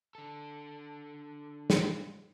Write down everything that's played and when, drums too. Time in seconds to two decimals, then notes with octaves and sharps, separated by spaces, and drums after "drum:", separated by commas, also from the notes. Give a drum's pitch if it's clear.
0.15 D3 A4
1.70 drum: snare